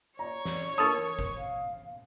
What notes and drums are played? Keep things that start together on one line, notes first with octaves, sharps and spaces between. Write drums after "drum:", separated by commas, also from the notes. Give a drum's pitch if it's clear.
C#5 D5 A#5
drum: snare
D4 A4 A#4 A5 C#6 D#6
drum: kick G1
F5